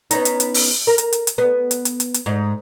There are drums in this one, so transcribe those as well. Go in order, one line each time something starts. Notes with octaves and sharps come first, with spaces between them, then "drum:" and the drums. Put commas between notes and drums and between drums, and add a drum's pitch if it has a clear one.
B3 C#4 D#4, drum: hi-hat
drum: hi-hat
drum: hi-hat
drum: open hi-hat
A#4
drum: hi-hat
drum: hi-hat
drum: hi-hat
B3
drum: hi-hat
drum: hi-hat
drum: hi-hat
drum: hi-hat
G#2